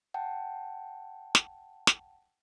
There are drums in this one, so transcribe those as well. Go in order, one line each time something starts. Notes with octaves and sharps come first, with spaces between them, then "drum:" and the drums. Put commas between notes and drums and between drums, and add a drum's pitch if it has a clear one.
F#5 G5 A5
drum: snare
drum: snare